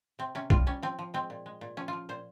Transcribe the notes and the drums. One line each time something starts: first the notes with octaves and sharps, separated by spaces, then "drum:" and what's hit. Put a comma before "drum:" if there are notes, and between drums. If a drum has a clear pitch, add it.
C3 C4
C3 C#4
G3 F4, drum: kick B1
G3 C#4
F3 C4
F3
G#3 C4
A#2
G#3
A#2
F3 C#4
F3 F4
A#2 C5